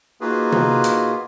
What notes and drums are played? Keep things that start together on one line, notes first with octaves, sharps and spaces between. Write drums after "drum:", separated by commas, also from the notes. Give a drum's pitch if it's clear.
A#3 D#4 F4 F#4 G#4 B4
drum: tom
drum: hi-hat